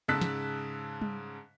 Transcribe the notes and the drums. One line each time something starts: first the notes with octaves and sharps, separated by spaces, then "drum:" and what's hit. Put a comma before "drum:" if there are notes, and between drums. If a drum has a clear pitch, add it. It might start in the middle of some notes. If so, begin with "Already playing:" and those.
G#2 C#3 A5 E6 F#6 B6
drum: snare
drum: tom G3